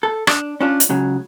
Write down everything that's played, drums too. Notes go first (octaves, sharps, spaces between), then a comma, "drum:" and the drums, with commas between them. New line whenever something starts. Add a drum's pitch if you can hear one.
A4
D4, drum: rim click
C#4 D4 F4
drum: hi-hat
C#2 C#3 F#3